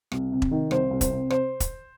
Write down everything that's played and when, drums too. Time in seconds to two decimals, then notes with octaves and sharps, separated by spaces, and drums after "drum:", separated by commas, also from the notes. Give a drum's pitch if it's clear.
0.12 C2, drum: rim click
0.32 C3
0.42 drum: kick E1
0.51 D#3
0.71 C2 C5, drum: rim click
0.91 C2
1.01 C5, drum: kick E1, hi-hat
1.11 C3
1.30 C5, drum: rim click
1.60 drum: kick E1, hi-hat